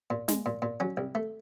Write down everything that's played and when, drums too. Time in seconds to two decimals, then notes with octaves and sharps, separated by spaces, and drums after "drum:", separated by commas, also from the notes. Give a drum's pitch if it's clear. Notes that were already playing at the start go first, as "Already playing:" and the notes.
0.10 A#2
0.28 G#3, drum: snare
0.46 A#2
0.62 A#2
0.80 F#3 C#4
0.97 C2
1.15 A3